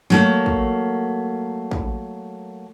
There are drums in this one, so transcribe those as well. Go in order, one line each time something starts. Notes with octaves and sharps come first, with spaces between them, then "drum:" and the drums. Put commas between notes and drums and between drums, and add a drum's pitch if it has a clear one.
F#3 A3 A#3, drum: snare
drum: kick
drum: kick